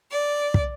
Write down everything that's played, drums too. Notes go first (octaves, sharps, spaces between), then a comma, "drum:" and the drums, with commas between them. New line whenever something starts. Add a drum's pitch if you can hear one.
D5
drum: kick